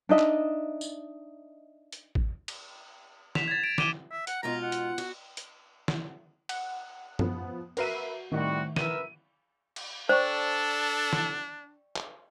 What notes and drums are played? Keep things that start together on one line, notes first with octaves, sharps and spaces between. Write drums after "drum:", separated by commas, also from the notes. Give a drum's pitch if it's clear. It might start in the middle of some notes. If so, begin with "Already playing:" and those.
D4 D#4 D#5 E5
drum: clap
drum: tambourine
drum: hi-hat
drum: kick A1
drum: cymbal
B6 E7 F7, drum: snare
G#6 A6
D7
D6 D#7 E7 G7, drum: snare
E5
F#5, drum: hi-hat
G#2 B2 F4 A#5
F#5
drum: hi-hat
F#4, drum: cymbal
drum: hi-hat
drum: snare
F#5, drum: cymbal
F3 B3, drum: tom
F#4 A#4 B4 E5 C7 D#7, drum: cymbal
A2 D#3 G3 C4 F#4
A#4 B4 E5 D#7, drum: snare
drum: cymbal
D4 A4 C5 D5 G5 C#6
drum: snare
drum: clap